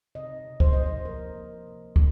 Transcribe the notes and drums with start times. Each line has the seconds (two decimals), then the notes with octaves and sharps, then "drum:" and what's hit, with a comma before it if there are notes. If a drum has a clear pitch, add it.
0.15 C3 D#5
0.45 C3
0.60 C5, drum: kick
0.73 F3 D#5
0.86 C5
1.05 A#3 A#4
1.35 C3
1.66 C3
1.96 A#3, drum: kick